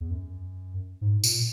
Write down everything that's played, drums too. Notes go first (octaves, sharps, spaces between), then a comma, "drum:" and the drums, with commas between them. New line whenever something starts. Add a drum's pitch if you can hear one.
E2
F#2
G#2
A#2, drum: tambourine